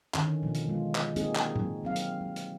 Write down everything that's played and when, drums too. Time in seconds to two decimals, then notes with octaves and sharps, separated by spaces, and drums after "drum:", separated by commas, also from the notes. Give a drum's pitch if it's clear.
0.14 D3 D#3 C#4, drum: clap
0.43 B2 F3
0.55 drum: hi-hat
0.68 G#3 F4
0.95 drum: clap
1.16 G3 A#3 C4 D#4 F#4 G#4, drum: hi-hat
1.35 drum: clap
1.56 drum: tom A2
1.83 F#3 C4 F5
1.96 drum: hi-hat
2.21 G3
2.36 drum: hi-hat